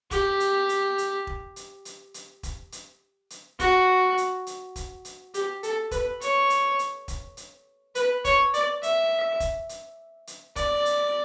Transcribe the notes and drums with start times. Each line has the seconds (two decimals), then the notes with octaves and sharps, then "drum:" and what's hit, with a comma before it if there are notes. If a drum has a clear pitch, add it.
0.11 G4, drum: kick E1, hi-hat
0.40 drum: hi-hat
0.69 drum: hi-hat
0.98 drum: hi-hat
1.27 drum: kick E1
1.56 drum: hi-hat
1.85 drum: hi-hat
2.14 drum: hi-hat
2.43 drum: kick E1, hi-hat
2.72 drum: hi-hat
3.30 drum: hi-hat
3.60 F#4, drum: kick E1, hi-hat
4.18 drum: hi-hat
4.47 drum: hi-hat
4.76 drum: kick E1, hi-hat
5.05 drum: hi-hat
5.34 G4, drum: hi-hat
5.63 A4, drum: hi-hat
5.91 B4, drum: kick E1, hi-hat
6.21 C#5, drum: hi-hat
6.50 drum: hi-hat
6.79 drum: hi-hat
7.08 drum: kick E1, hi-hat
7.37 drum: hi-hat
7.95 B4, drum: hi-hat
8.25 C#5, drum: kick E1, hi-hat
8.54 D5, drum: hi-hat
8.83 E5, drum: hi-hat
9.40 drum: kick E1, hi-hat
9.69 drum: hi-hat
10.27 drum: hi-hat
10.56 D5, drum: kick E1, hi-hat
10.85 drum: hi-hat